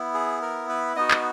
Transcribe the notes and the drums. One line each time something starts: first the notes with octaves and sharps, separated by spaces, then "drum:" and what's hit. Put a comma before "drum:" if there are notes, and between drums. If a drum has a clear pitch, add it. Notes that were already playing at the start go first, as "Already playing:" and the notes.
Already playing: B3 E4
G#4
A#4
B4
B3 D#4 F#4 D#5
drum: clap